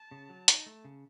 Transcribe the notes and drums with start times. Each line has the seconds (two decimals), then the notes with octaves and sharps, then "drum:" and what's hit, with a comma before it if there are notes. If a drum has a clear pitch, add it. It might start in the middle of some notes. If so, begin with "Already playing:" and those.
Already playing: A5
0.11 C#3
0.29 F#3
0.48 D#4, drum: hi-hat
0.66 A3
0.85 C#3